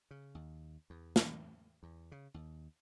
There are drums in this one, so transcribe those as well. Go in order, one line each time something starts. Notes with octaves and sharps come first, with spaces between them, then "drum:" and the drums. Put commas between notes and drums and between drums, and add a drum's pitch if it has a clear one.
C#3
D#2
E2
drum: snare
E2
C#3
D#2